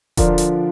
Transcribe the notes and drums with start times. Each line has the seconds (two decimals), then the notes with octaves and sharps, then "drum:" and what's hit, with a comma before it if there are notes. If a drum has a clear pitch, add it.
0.17 D3 F3 D4 F4 A#4, drum: kick E1, hi-hat
0.38 drum: hi-hat